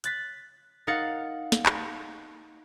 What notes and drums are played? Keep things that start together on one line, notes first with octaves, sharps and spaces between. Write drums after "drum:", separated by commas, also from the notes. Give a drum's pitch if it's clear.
F#6 A6 B6, drum: hi-hat
D#4 A#4 F5 F#5 A6 C#7
drum: snare
drum: clap